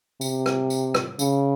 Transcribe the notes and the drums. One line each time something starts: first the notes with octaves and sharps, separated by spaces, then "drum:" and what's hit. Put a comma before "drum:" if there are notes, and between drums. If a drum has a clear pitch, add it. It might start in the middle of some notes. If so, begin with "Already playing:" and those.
C3, drum: tambourine
drum: rim click
drum: tambourine
drum: rim click
C#3, drum: tambourine